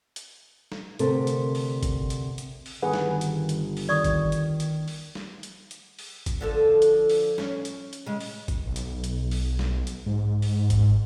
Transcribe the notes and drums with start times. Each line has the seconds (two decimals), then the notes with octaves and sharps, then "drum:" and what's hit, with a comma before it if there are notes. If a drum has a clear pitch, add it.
0.16 drum: hi-hat
0.72 drum: snare
0.99 D2 C3 A4 A#4, drum: hi-hat
1.27 drum: hi-hat
1.55 drum: open hi-hat
1.83 drum: kick, hi-hat
2.10 drum: hi-hat
2.38 drum: hi-hat
2.66 drum: open hi-hat
2.83 G1 D#3 G#4 B4 F#5
2.94 drum: snare
3.21 drum: hi-hat
3.49 drum: hi-hat
3.77 drum: open hi-hat
3.89 D#3 D5 C#6 D#6
4.04 drum: kick, hi-hat
4.32 drum: hi-hat
4.60 drum: hi-hat
4.88 drum: open hi-hat
5.15 drum: snare
5.43 drum: hi-hat
5.71 drum: hi-hat
5.99 drum: open hi-hat
6.26 drum: kick, hi-hat
6.41 D3 F3 A4
6.82 drum: hi-hat
7.10 drum: open hi-hat
7.38 C#4, drum: snare
7.65 drum: hi-hat
7.93 drum: hi-hat
8.06 C#3 G#3
8.20 drum: open hi-hat
8.48 drum: kick, hi-hat
8.66 B1
8.76 drum: hi-hat
9.04 drum: hi-hat
9.31 drum: open hi-hat
9.59 drum: snare
9.87 drum: hi-hat
10.06 G#2
10.42 drum: open hi-hat
10.70 drum: kick, hi-hat